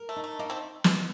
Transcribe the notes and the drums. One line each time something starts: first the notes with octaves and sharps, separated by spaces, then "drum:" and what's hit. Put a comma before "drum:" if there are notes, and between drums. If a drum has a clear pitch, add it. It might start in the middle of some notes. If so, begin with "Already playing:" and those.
Already playing: A#4
A3
D#4
A3
A#3 D#4
A3 C4
drum: snare